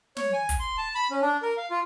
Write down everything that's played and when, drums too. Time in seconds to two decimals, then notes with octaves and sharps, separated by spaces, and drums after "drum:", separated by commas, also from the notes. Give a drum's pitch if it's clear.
0.17 C#5, drum: snare
0.33 G#5
0.49 drum: kick, hi-hat
0.59 C6
0.78 A5
0.95 B5
1.10 C#4
1.22 D4
1.42 A#4
1.57 F5
1.71 F4